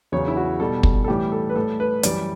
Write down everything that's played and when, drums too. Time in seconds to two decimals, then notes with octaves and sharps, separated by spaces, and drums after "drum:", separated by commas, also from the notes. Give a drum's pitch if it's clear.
0.12 E2 C#3 F#3 C#5
0.28 E4
0.36 F#4
0.60 B2 G3 A4
0.83 drum: kick
1.04 A4
1.08 A2 E3 G3 G4
1.32 A4
1.50 B4
1.56 A2 G3 A4
1.80 B4
2.03 F#2 E3 G3 D5, drum: hi-hat